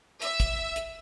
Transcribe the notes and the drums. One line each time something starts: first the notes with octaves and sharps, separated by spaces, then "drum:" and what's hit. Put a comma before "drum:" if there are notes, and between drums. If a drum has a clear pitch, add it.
E5, drum: hi-hat
drum: kick, hi-hat
drum: hi-hat